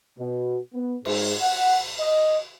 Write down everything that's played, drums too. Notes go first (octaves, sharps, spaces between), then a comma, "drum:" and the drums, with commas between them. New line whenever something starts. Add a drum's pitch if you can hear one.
B2
B3
G#2, drum: cymbal
F#5
D#5